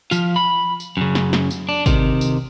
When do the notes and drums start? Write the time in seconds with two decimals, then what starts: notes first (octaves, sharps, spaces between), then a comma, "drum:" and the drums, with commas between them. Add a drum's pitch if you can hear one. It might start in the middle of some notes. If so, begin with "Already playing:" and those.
0.11 F3 F4, drum: tambourine
0.36 B5
0.80 drum: tambourine
0.97 F#2 C#3
1.15 drum: snare
1.33 drum: snare
1.51 drum: tambourine
1.69 D4
1.86 C3 D#3, drum: kick G#1, tambourine
2.21 drum: tambourine